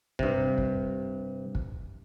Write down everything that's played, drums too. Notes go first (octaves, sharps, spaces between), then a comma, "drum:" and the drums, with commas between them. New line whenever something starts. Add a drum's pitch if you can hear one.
G2 C3, drum: kick
drum: kick
drum: kick